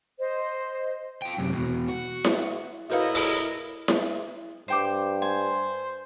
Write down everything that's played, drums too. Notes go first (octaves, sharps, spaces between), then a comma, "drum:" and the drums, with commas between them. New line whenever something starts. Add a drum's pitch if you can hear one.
C5 D#5
F4 G5
F#2 C3
E2 B2
F#4
drum: snare E4
A2 E4 F#4 A#4 B4 D#5 F5
drum: open hi-hat
drum: snare E4
G2 C5 G5 D6
C5 G#5